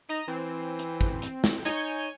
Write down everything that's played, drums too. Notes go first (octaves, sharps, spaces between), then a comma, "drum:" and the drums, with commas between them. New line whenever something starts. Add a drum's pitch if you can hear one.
D#4 D#5 A#5
E3 C4
drum: hi-hat
drum: kick G#1
drum: hi-hat
drum: snare
D#4 C#5 G#5 G6, drum: hi-hat